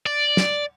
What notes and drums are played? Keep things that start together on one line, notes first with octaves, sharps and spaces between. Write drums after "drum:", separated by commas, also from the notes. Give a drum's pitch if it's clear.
D5
drum: snare